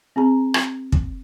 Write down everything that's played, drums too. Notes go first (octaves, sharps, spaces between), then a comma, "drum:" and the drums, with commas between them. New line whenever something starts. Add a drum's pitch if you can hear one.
C4 G#4 A#5
drum: rim click
drum: kick